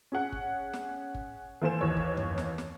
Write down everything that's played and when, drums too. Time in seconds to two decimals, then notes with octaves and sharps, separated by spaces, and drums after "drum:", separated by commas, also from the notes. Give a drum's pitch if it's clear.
0.12 C#4 G#4 F#5
0.32 drum: kick G1
0.73 drum: snare
1.14 drum: kick G1
1.62 E3 A#3 A4 C5 G#5 E7
1.81 D#2 E3 C#5
1.97 drum: kick G1
2.17 drum: tom
2.38 drum: snare
2.58 drum: snare